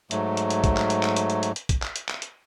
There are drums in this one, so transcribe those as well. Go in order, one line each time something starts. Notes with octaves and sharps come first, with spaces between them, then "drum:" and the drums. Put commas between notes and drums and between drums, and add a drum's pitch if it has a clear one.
G#2 F#3 A3, drum: hi-hat
drum: hi-hat
drum: hi-hat
drum: kick, hi-hat
drum: clap
drum: hi-hat
drum: clap
drum: hi-hat
drum: hi-hat
drum: hi-hat
drum: hi-hat
drum: kick, hi-hat
drum: clap
drum: hi-hat
drum: clap
drum: hi-hat